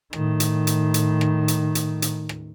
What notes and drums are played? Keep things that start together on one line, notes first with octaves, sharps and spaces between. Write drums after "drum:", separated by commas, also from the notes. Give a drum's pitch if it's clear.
A2 D#3, drum: rim click
drum: hi-hat
drum: hi-hat
drum: hi-hat
drum: rim click
drum: hi-hat
drum: hi-hat
drum: hi-hat
drum: rim click